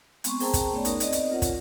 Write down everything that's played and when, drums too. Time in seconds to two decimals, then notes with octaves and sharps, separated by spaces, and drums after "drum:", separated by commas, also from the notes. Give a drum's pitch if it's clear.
0.24 G#3 B3 C4 C6 C#6, drum: hi-hat
0.40 G#4 A#4 C5 G5 A5 A#5, drum: open hi-hat
0.54 drum: kick, hi-hat
0.72 A3 B3 C#4 C#5 D5
0.85 D#4 A#4, drum: hi-hat
1.00 C4 D5 D#5, drum: hi-hat
1.12 drum: hi-hat
1.31 F4 A#4 C#5 F#5
1.42 drum: kick, hi-hat